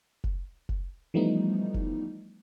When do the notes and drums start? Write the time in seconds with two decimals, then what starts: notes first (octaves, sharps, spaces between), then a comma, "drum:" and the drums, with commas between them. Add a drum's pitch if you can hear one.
0.24 drum: kick F1
0.69 drum: kick F1
1.14 E3 F3 G3 A3 B3 D#4
1.74 drum: kick F1